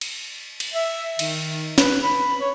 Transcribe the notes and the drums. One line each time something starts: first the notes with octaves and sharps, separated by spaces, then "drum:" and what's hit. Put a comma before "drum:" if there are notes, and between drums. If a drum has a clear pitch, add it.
drum: cymbal
drum: cymbal
E5
D#3, drum: cymbal
B4, drum: snare
B5
C#5